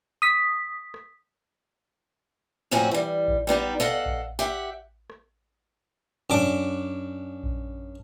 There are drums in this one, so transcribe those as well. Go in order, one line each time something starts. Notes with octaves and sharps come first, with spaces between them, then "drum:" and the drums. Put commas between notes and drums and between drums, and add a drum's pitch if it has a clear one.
D#6 B6
drum: rim click
F2 A2 C4 C#4 F#4 G#5
E3 G3
drum: kick A#1
G3 B3 D#4 G4
A4 D#5 F5 F#5
drum: kick A#1
G4 E5 F#5
drum: rim click
F#2 D4 D6
drum: kick A#1